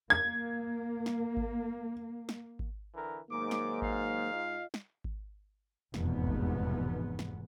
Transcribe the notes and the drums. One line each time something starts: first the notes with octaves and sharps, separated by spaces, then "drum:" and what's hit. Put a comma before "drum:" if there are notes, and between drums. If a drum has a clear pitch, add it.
A#3 G#6
drum: snare
drum: kick G#1
drum: snare
drum: kick G#1
D3 E3 A#4
G#2 D#3 F#3 A#3 D6
drum: snare
F5, drum: kick G#1
F4 D#5
drum: snare
drum: kick G#1
F1 E2 G#2 B2 B3, drum: snare
drum: kick G#1
drum: snare